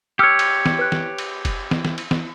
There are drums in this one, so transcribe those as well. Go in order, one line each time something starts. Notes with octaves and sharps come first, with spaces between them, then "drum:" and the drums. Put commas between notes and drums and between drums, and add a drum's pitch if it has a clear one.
G4 C#5 E6 F6 C#7
drum: cymbal
drum: snare
B4 F#6
drum: snare
drum: cymbal
drum: kick, cymbal
drum: snare
drum: snare
drum: cymbal
drum: snare